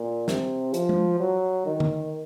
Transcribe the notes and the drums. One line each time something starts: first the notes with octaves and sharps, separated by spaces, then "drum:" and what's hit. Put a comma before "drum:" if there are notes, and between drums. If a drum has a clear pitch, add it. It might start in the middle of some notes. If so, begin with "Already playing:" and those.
Already playing: A#2
C3, drum: snare
F3, drum: hi-hat
drum: tom
F#3
D#3
drum: tom D3